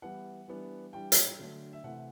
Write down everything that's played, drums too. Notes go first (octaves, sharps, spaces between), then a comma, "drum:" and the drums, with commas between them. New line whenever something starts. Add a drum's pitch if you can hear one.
E3 G3 B3 E4 F#5
E3 G3 B3 D4
E3 G3 D4 G5
drum: hi-hat
D3 F#3 A3 D4
E5
C3 E3 A3 F#5